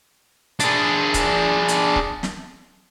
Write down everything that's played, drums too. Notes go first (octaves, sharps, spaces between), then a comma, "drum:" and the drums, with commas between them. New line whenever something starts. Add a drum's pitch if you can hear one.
D4 G#4, drum: hi-hat
drum: kick C#1, hi-hat
drum: hi-hat
drum: kick C#1
drum: snare